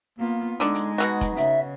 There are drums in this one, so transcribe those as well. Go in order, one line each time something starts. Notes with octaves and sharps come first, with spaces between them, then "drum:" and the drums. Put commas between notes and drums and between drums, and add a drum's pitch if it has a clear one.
A#3 B3 F4
D3 G#3 D4 D#4, drum: hi-hat
drum: hi-hat
B2 D#3 F#4
drum: kick F1, hi-hat
C#3 E5, drum: hi-hat